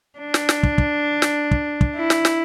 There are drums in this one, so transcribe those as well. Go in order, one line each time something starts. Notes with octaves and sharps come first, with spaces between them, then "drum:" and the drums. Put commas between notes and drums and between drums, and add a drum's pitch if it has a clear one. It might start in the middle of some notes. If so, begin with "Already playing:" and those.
D4
drum: snare
drum: snare
drum: kick
drum: kick
drum: snare
drum: kick
drum: kick
E4
drum: snare
drum: snare